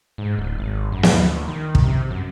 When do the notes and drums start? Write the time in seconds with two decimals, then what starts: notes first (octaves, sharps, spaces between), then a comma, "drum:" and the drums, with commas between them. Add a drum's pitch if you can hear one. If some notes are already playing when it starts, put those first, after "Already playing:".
0.18 G#2
0.38 D1
0.58 G#1
0.92 F#2
1.03 drum: snare
1.13 D2
1.48 D#3
1.75 drum: kick
1.84 C3
2.10 F#2